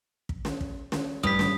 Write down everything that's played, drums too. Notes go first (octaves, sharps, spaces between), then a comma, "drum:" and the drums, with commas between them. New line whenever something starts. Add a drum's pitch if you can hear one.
drum: kick
drum: snare
drum: kick
drum: snare
G2 D#6 B6, drum: kick
drum: snare